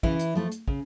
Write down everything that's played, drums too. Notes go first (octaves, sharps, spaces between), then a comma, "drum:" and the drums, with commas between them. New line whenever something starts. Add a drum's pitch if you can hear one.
C#3 E3 E4, drum: kick
drum: hi-hat
F3 A3
drum: hi-hat
C#3, drum: kick